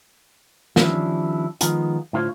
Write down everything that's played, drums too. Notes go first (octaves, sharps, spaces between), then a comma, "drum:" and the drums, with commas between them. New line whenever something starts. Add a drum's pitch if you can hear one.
D#3 F3 G3 C#4 D4 E4, drum: snare
D#3 F3 G#3 B3 D#4 F4, drum: hi-hat
A2 D3 F4 C5 C#5